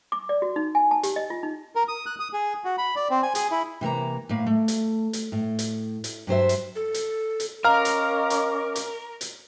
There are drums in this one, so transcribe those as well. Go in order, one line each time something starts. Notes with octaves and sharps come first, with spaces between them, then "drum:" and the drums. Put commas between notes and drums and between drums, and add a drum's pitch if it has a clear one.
D6
D5
F#4
D#4
G#5
A5
G4, drum: hi-hat
D#5
F4
D#4
A#4
D#6
F#6
D#6
G#4
F#4
B5
D5
C4
G#5
G#4, drum: hi-hat
E4
C3 E3 A#3 A#5
A2 A#3 F5
A3
drum: hi-hat
drum: hi-hat
A2
drum: hi-hat
drum: hi-hat
G2 F#3 C5 E5
drum: hi-hat
A4
drum: hi-hat
drum: hi-hat
C#4 A#4 D#5 F5 A#5 D6 F6
drum: hi-hat
drum: hi-hat
drum: hi-hat
drum: hi-hat